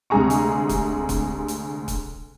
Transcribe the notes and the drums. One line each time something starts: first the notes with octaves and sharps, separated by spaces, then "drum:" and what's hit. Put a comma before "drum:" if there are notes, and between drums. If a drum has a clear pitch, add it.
D2 C3 G#3 G#4 A#5 C#6
drum: hi-hat
drum: kick, hi-hat
drum: kick, hi-hat
drum: hi-hat
drum: kick, hi-hat